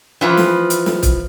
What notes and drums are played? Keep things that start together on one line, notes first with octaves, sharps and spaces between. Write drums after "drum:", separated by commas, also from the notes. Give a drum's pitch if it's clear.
E3 F3 B4
drum: snare
drum: hi-hat
drum: snare
drum: kick, hi-hat